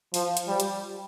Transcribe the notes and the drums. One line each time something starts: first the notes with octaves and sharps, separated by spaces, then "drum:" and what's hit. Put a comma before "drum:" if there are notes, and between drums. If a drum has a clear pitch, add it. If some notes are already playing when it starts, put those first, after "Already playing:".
F3, drum: open hi-hat
drum: hi-hat
G3
drum: hi-hat